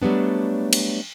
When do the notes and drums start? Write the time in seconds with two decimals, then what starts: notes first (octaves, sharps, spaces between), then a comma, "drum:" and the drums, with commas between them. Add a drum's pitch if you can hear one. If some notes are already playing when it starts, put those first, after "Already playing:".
0.02 F#3 G3 A3 B3 D4
0.73 drum: cymbal